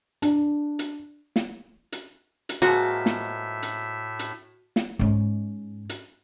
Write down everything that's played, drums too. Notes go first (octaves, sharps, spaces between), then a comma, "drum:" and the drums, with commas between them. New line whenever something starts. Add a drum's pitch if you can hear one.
D4, drum: hi-hat
drum: hi-hat
drum: snare
drum: hi-hat
drum: hi-hat
A2 F3 G#3 A#3 F#4 E5
drum: snare
drum: hi-hat
drum: hi-hat
drum: snare
G#2 C#4
drum: hi-hat